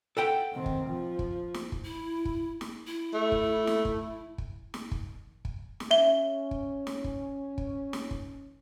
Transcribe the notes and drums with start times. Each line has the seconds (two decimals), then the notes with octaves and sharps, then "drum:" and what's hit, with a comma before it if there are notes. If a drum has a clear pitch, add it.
0.17 A4 F#5 G5
0.52 D#3 C4
0.66 drum: kick
0.88 F3
1.19 drum: kick
1.54 drum: snare
1.72 drum: kick
1.85 E4
2.25 drum: kick
2.61 drum: snare
2.87 E4
3.14 A3
3.32 drum: kick
3.67 drum: snare
3.85 drum: kick
4.38 drum: kick
4.74 drum: snare
4.91 drum: kick
5.45 drum: kick
5.80 drum: snare
5.91 C#4 E5 G7
6.51 drum: kick
6.87 drum: snare
7.04 drum: kick
7.58 drum: kick
7.93 drum: snare
8.11 drum: kick